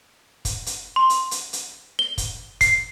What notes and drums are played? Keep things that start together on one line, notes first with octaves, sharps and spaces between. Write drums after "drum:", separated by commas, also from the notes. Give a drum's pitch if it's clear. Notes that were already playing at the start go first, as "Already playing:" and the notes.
drum: kick, hi-hat
drum: hi-hat
C6
drum: hi-hat
drum: hi-hat
drum: hi-hat
G7
drum: kick, hi-hat
C7, drum: kick, hi-hat